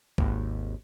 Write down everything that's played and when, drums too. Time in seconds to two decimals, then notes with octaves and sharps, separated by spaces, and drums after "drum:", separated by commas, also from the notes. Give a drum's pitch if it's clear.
0.18 G#1 D#2, drum: kick B1